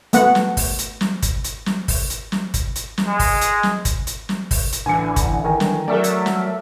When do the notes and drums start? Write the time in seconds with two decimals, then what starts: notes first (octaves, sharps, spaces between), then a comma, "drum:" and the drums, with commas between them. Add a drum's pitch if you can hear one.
0.13 A3 B3 F#5, drum: hi-hat
0.35 drum: snare
0.57 drum: kick, open hi-hat
0.79 drum: hi-hat
1.01 drum: snare
1.23 drum: kick, hi-hat
1.44 drum: hi-hat
1.66 drum: snare
1.88 drum: kick, open hi-hat
2.10 drum: hi-hat
2.32 drum: snare
2.54 drum: kick, hi-hat
2.76 drum: hi-hat
2.98 drum: snare
3.08 G#3
3.19 drum: kick, open hi-hat
3.41 drum: hi-hat
3.63 drum: snare
3.85 drum: kick, hi-hat
4.07 drum: hi-hat
4.29 drum: snare
4.51 drum: kick, open hi-hat
4.73 drum: hi-hat
4.86 A1 D3 E3 G#5 C#7
5.16 drum: kick, hi-hat
5.44 D#3 G#5 A#5
5.60 drum: snare
5.88 F#3 A3 A4 A#4 D5 E5
6.04 drum: hi-hat
6.26 drum: snare